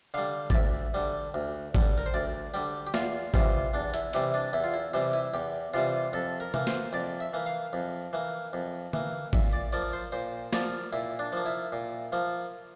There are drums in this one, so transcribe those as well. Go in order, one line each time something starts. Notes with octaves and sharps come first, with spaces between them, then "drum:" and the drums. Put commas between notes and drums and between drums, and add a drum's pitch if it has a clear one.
D3 G3 F5
D5, drum: kick
D2 E5
D3 G3
D2
D3 G3, drum: kick
A#4
C5
D2 D5
D3 G3 G4
G4
E2 F4, drum: snare
C3 E3 G3 F4, drum: kick
E2 D4
E4, drum: hi-hat
C3 E3 G3 E4, drum: hi-hat
D4
E2 E4
F4
E4
C3 E3 G3 E4
E4
E2 G4
C3 E3 G3 F4
F2 A4
A#4
E3 A#3, drum: tom C3
C5, drum: snare
F2 D5
E5
E3 A#3
F5
F2
E3 A#3
F2
E3 A#3, drum: tom D3
A#2 E5, drum: kick
D5
F3 A#3 D5
C5
A#2 C5
F3 A#3 D5, drum: snare
A#2 E4
D4
F3 A#3
E4
A#2
F3 A#3